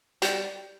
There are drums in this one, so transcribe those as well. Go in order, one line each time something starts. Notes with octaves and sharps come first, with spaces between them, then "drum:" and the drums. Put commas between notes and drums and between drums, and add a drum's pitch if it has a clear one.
G3, drum: hi-hat